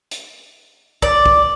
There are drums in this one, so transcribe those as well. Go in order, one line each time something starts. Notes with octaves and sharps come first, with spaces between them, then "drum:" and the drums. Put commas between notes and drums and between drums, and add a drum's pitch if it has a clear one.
drum: hi-hat
D5, drum: kick
drum: kick